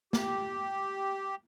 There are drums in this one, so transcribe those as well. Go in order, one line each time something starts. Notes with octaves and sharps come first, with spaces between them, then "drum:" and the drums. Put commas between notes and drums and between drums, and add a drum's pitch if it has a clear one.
G4, drum: snare